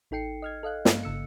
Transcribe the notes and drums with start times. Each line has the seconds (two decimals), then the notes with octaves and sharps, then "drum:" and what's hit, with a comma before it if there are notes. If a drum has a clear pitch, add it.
0.11 A1 D#4 A4 G5 C7 C#7
0.42 D#5 F6 G#6
0.63 A4 D#5 F5 F#6
0.85 G2 A#3, drum: snare
1.03 G1 C#3 E6 C#7